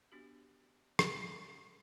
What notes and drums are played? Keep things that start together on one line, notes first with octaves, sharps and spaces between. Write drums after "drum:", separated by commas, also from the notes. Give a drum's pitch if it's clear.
B3 D4 F#4 G4
drum: rim click